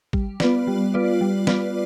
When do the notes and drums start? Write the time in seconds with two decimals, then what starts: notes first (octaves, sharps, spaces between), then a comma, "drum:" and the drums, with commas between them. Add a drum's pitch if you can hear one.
0.13 G3, drum: kick
0.40 B3 F4 B4 D5, drum: snare
0.67 G3
0.94 B3 F4 B4 D5
1.21 G3
1.47 B3 F4 B4 D5, drum: snare